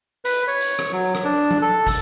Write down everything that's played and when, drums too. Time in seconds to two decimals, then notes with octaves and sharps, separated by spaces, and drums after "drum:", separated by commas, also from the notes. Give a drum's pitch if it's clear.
0.25 B4, drum: hi-hat
0.48 C#5
0.61 drum: hi-hat
0.79 drum: rim click
0.93 F#3
1.15 drum: rim click
1.25 D4
1.51 drum: tom F3
1.62 A4
1.87 drum: kick, open hi-hat